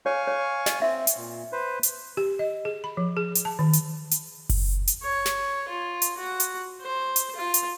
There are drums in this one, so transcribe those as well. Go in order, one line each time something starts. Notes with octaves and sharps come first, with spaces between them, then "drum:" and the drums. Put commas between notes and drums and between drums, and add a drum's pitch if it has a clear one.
C#5 F5 G#5 C#6
C#5
D#5, drum: snare
C4 E5
drum: hi-hat
A#2
B4 C5
drum: hi-hat
G4
D#5
G#4
B5
F3
G#4
drum: hi-hat
A5
D#3
drum: hi-hat
drum: hi-hat
drum: kick F#1, open hi-hat
drum: hi-hat
C#5
drum: snare
F4
drum: hi-hat
F#4
drum: hi-hat
C5
drum: hi-hat
F4
drum: hi-hat